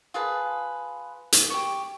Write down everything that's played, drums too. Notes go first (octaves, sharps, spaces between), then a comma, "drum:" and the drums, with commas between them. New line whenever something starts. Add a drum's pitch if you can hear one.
F4 G#4 B4 A5
drum: hi-hat
G4 C#6